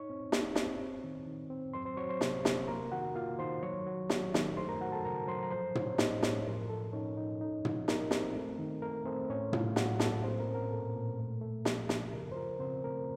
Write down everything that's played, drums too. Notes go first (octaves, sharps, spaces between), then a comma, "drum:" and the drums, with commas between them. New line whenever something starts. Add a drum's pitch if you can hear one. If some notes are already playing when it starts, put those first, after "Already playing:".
Already playing: D#4 C#5 C#6
C4
D#4, drum: snare
C4, drum: snare
C4
D#3
D#3
C4
F#3 C5 C6
C5 C6
F#3 C#5 C#6
C5 C6
C3, drum: snare
C3, drum: snare
A#3 A#4 A#5
D#3 F#4 F#5
A#3 F4 F5
D#3 C5 C6
F#3 C#5 C#6
F#3
F#3, drum: snare
D#3, drum: snare
A3 C5 C6
A#4 A#5
F#3 F#4 F#5
A4 A5
C#3 A#4 A#5
F#3 C5 C6
A#5
F3 C5 C6
A2 C#4 C#5, drum: tom
A2 D#4 D#5, drum: snare
A2 C#4 C#5, drum: snare
F3 A#4
F3 A4
C#4 D#4 C#5
D#4
D#4
F3, drum: tom
D#4 A#4, drum: snare
C4, drum: snare
A3
D#3
A3 A#4
A3 C4 C5
A2 C#4 C#5
A2 F4 F5, drum: tom
F#3 F#4 F#5, drum: snare
A2 A4 A5, drum: snare
A#3 C4 C5
A#4
C#4
A#4
A#2 A4
A#2
A3
A3
F3, drum: snare
F3, drum: snare
C#3 A#4
C5
F4 A#4
C#3 C4 C5
A3 A#4